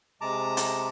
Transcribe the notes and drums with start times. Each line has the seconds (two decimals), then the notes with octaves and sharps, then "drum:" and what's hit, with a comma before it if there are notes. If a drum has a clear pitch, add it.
0.21 C3 G#3 A5 A#5 D6
0.57 drum: hi-hat